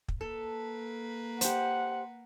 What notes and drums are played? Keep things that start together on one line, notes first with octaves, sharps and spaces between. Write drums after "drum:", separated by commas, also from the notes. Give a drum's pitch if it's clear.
drum: kick
A#3 A4 B4
G4 C5 F#5, drum: hi-hat